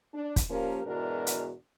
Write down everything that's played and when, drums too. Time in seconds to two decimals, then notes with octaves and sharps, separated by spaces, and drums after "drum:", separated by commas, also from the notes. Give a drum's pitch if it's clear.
0.14 D4
0.36 drum: kick, hi-hat
0.49 F3 A#3 C#4 G4 A#4
0.85 E2 G#2 B2 D4 F#4 A#4
1.27 drum: hi-hat